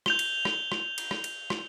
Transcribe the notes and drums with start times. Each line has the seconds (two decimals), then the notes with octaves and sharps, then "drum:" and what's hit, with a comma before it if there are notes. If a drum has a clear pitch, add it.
0.06 G6 F7 G7, drum: rim click
0.19 drum: cymbal
0.45 drum: rim click
0.72 drum: rim click
0.98 drum: cymbal
1.11 drum: rim click
1.24 drum: cymbal
1.50 drum: rim click